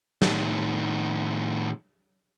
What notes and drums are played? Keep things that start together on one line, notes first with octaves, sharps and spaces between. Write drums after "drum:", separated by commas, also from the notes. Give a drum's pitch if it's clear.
A2 D#3, drum: snare